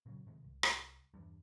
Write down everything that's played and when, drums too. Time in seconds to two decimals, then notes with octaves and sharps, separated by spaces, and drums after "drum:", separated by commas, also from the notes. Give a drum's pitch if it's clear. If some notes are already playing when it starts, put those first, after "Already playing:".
0.06 A#2 C#3 F#3
0.27 G#2 C3 D#3 G#3
0.44 C2
0.63 drum: rim click
1.14 E2 G2